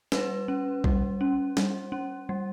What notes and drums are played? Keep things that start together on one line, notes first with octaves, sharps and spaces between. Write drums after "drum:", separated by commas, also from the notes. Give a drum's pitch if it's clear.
G3 B4, drum: snare
C#4
G3, drum: kick A#1
C#4
G3, drum: snare
C#4
G3